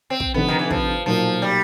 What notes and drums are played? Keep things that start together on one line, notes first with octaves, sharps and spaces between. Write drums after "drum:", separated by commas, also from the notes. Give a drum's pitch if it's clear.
C4
drum: kick
F1 F2 D3 B3
D#3
E3
F3, drum: kick
B1 A#2 F3 F#3 A#3
G3